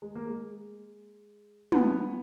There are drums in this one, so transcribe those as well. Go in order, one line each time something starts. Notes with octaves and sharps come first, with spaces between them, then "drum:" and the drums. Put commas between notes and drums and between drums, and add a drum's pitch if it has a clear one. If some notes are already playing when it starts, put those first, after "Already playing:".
G#3
A#3
G#3
B3, drum: tom